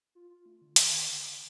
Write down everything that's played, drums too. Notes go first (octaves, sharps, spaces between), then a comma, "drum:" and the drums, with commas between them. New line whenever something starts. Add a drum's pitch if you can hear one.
F4
F4
A3
D3
D#3, drum: hi-hat
D#3
D3